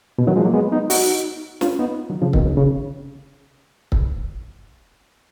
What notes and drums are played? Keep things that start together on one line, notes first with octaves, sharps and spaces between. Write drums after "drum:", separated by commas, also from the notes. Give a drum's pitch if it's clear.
B2
D#3 F#3
F3 G#3
F#3 A#3
G#3 B3
B3 D#4
D#4 F#4, drum: open hi-hat
C#4 F4, drum: snare
B3 D#4
D#3 F#3
C#3 F3
B2 D#3, drum: kick
C#3
C#3
drum: kick